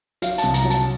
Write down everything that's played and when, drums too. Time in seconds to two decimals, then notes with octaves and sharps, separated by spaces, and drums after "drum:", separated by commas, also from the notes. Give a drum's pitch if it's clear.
0.22 F#3 F5, drum: hi-hat
0.38 A5, drum: hi-hat
0.43 C2
0.54 A#5, drum: hi-hat
0.64 F#3
0.70 A5, drum: hi-hat